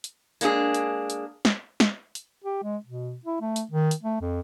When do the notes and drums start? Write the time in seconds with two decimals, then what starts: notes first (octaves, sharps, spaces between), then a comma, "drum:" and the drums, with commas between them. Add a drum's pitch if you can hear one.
0.04 drum: hi-hat
0.41 G#3 A#3 D4 E4 G#4, drum: hi-hat
0.74 drum: hi-hat
1.10 drum: hi-hat
1.45 drum: snare
1.80 drum: snare
2.15 drum: hi-hat
2.44 G4
2.63 G#3
2.86 B2
3.25 E4
3.41 A3
3.56 drum: hi-hat
3.71 D#3
3.91 drum: hi-hat
4.03 A3
4.21 F2